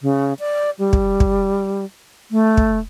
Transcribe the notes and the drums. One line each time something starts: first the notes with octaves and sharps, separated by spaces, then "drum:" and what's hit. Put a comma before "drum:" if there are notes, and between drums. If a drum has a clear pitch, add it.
C#3
D5
G3
drum: kick
drum: kick
A3
drum: kick